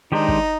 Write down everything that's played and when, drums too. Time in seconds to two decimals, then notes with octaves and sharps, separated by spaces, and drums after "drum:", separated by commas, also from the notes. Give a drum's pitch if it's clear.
0.12 D#3 G#3 D4 D#4 G4 C5
0.28 drum: kick